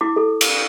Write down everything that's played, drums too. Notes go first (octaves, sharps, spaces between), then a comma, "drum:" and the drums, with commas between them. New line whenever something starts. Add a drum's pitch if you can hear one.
E4 D6
A4
drum: cymbal